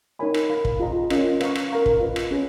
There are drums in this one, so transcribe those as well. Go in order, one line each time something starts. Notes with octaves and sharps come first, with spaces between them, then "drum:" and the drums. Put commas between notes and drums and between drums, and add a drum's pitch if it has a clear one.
D#4 A#4 C#5 G#5 B5
drum: rim click
A#4 F5 B5
drum: kick
F4 G#4 D#5 A#5
C#4 F4 A#4 D#5, drum: rim click
B4 F5 A#5 C#6, drum: rim click
drum: rim click
A#4 F5 A#5 C#6
drum: kick
F4 B4 D#5
drum: rim click
C#4 G#4 B4